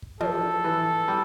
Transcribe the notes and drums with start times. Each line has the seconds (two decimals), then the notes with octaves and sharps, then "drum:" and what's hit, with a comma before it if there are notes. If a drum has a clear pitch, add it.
0.02 drum: kick
0.21 F3 A4, drum: tom
0.64 E3
1.08 G3